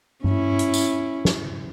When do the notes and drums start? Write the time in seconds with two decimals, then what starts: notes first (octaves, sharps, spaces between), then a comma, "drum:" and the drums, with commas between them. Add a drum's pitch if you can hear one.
0.24 C#4 E4, drum: tom G2
0.59 drum: hi-hat
0.74 drum: tambourine
1.25 drum: snare